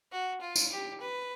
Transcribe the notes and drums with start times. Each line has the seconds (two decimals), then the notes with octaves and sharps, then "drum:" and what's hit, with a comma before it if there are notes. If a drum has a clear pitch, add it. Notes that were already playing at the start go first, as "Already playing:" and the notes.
0.12 F#4
0.41 F4
0.56 drum: tambourine
0.72 G4
1.00 B4